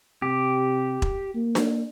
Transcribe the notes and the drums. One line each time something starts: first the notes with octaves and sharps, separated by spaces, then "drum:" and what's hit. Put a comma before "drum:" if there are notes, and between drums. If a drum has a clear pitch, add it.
C3 G4
drum: kick E1
A#3
drum: snare D4